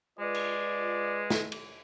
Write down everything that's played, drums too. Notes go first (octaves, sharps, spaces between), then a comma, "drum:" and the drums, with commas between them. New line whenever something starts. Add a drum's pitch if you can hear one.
G#3 F4 B4 D5
drum: cymbal
drum: snare
drum: cymbal